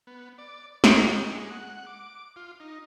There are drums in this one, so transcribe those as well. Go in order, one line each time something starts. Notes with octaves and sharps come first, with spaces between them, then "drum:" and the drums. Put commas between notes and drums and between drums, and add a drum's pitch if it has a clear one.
B3
D5
C#5, drum: snare
G#3
F#5
D6
F4
D#4